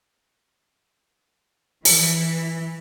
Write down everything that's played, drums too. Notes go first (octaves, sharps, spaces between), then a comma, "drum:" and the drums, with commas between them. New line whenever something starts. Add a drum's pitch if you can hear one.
E3, drum: open hi-hat